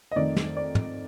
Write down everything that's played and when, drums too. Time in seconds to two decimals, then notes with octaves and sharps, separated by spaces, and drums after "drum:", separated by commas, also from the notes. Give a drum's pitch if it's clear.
0.12 D#5
0.16 F2 D#3 A3 D5
0.36 drum: snare
0.57 D5
0.75 drum: tom